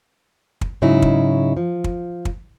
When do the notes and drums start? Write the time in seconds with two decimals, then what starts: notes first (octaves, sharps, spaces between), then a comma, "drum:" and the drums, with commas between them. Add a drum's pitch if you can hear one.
0.61 drum: kick
0.82 G#2 C#3 F#3 D#4 E4
1.02 drum: kick
1.57 F3
1.84 drum: kick
2.25 drum: kick